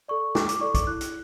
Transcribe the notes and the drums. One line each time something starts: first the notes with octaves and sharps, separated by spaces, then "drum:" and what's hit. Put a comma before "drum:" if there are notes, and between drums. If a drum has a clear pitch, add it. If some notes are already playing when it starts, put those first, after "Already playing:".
A4 D5 C#6
E4 D6, drum: snare
D6, drum: hi-hat
A4 D5 C#6
D6, drum: kick, hi-hat
E4 F#6
drum: hi-hat